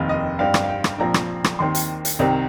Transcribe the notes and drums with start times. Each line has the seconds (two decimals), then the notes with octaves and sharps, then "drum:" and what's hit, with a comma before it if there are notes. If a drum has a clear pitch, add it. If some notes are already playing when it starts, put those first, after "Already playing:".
Already playing: F1 D#2 D#3 C4 F5
0.09 D#5
0.39 G2 G3 C4 F5
0.54 drum: rim click
0.64 F5
0.69 G5
0.84 drum: rim click
0.99 A#1 A#2 F3 C4 A#5
1.14 drum: rim click
1.44 drum: rim click
1.59 D#2 D#3 C4 C6
1.75 drum: hi-hat
2.05 drum: hi-hat
2.19 C2 C3 D#3 C4